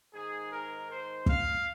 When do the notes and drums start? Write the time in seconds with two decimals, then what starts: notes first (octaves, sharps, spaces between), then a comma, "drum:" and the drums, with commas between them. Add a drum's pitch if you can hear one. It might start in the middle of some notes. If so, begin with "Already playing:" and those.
0.13 G#2 D#3 G#4
0.51 A#4
0.89 C5
1.26 F5, drum: kick